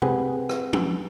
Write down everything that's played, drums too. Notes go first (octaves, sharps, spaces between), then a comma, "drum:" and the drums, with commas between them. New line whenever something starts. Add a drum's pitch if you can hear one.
C4 G4 G#4 B4 F#5, drum: tom C3
drum: rim click
drum: tom